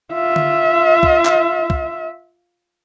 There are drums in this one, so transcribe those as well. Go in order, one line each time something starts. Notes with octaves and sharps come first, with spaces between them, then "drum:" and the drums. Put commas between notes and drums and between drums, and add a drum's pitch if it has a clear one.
F4 E5
drum: tom D3
drum: kick
drum: clap
drum: kick